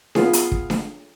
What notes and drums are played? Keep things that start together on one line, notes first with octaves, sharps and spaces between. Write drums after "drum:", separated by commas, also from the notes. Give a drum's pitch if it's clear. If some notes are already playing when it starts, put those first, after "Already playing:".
B3 F4 G#4, drum: snare D4
drum: hi-hat
drum: kick
drum: snare D4